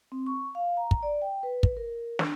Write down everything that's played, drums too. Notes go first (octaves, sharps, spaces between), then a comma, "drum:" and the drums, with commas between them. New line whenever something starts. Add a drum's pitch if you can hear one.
C4
C#6
F5
A#5
drum: kick
D5
G5
B4
drum: kick
A#4
D4, drum: snare